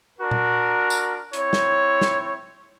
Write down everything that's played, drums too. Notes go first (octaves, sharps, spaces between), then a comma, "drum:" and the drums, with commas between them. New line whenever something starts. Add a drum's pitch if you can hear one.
D4 F#4 A#4
drum: tom A#2
drum: tambourine
C4 E4 C#5, drum: hi-hat
drum: snare
drum: snare